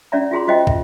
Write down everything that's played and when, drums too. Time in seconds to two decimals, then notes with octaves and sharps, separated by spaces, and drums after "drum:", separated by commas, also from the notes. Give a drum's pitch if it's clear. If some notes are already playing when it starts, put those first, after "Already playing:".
0.12 C#4 F#4 D5 E5 A#5
0.31 F4 F#4 G#4 A#5 C6
0.47 F4 F#4 C5 D#5 E5 G5
0.67 F4 E5, drum: kick